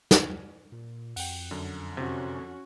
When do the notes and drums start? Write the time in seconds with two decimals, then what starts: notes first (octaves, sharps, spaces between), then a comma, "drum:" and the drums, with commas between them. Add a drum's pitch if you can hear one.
0.11 drum: snare
0.72 A#2
1.16 F2 F#5 G5, drum: open hi-hat
1.51 F#2 D3
1.97 C3 C#4 F#4